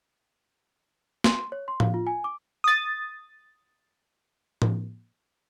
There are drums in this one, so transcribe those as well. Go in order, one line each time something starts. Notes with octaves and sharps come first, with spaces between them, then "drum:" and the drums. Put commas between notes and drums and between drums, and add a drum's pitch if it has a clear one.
C6, drum: snare
C#5
C6
F5, drum: tom A2
F4
G#5
D6
D#6 A6
drum: tom A2